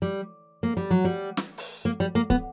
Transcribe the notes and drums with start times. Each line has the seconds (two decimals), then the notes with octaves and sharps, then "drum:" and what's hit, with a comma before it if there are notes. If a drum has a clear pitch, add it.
0.02 G3
0.63 A#3
0.77 G3
0.91 F#3
1.05 G3
1.37 drum: snare
1.58 drum: open hi-hat
1.85 A#3
2.00 G3
2.15 A#3
2.30 B3, drum: kick